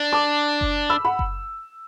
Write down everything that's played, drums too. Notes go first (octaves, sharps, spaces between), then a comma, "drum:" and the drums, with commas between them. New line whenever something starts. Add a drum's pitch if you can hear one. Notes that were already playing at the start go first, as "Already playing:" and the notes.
Already playing: D4
A5 D6
drum: kick F#1
B5 E6
F#5 B5
drum: kick F#1